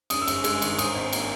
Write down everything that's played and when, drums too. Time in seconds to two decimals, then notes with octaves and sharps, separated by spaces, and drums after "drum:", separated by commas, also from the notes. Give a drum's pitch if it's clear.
0.10 F#2 D#6, drum: cymbal
0.22 E6
0.28 G1, drum: cymbal
0.44 G#3 E6, drum: cymbal
0.62 D#3, drum: cymbal
0.78 G#2 D#6, drum: cymbal
0.95 G#1
1.13 A#3, drum: cymbal